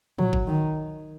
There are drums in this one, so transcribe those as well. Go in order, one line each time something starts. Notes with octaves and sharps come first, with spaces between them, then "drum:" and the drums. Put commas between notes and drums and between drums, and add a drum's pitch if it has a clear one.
F#3, drum: tom
drum: kick G1
D#3